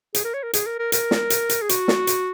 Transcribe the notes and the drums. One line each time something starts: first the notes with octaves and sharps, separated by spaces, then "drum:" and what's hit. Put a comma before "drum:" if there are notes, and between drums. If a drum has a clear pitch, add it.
G#4, drum: hi-hat
A#4
C#5
A#4
G#4, drum: hi-hat
A#4
A#4
A#4, drum: hi-hat
drum: snare
drum: hi-hat
drum: hi-hat
G#4
F#4, drum: hi-hat
drum: snare
drum: hi-hat